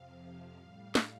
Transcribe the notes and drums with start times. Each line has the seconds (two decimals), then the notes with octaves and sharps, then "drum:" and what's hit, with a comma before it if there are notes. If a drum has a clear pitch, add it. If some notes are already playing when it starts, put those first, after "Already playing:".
Already playing: F2 C3 F3 F5
0.56 A2 G3 F5
0.95 drum: snare